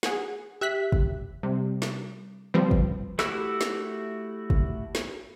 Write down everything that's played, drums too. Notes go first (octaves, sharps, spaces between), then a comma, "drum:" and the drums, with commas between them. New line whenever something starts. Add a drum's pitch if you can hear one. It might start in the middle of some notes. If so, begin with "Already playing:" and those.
G#4 F#5, drum: snare
G4 E5 F#6 B6
drum: kick
C3 G3
drum: snare
F3 G3 C4 B4
drum: kick
A3 E4 F#4 G4 E6, drum: snare
drum: snare
drum: kick
drum: snare